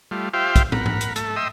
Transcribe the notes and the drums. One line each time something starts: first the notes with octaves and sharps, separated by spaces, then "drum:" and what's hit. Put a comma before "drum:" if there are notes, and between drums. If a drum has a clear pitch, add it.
G3 A3 F4
F4 G4 C5 E5 F5 G5
drum: kick, hi-hat
A#4 F#5 B5, drum: tom
drum: tom
drum: hi-hat
A3 A4, drum: hi-hat
D#5 E5 G5 C6 D#6 E6